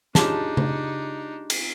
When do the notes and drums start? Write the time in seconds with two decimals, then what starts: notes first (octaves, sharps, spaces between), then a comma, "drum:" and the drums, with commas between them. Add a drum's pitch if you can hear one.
0.15 C#3 G#3 D4 D#4 F4 G4 A5, drum: snare
0.57 drum: tom C#3
1.50 drum: cymbal